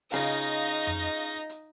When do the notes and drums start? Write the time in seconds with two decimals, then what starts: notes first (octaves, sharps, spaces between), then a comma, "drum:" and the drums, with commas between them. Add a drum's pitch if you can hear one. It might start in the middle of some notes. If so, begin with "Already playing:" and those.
0.12 C#3 D#4 F4 D#5, drum: open hi-hat
0.87 drum: tom F2
1.49 drum: hi-hat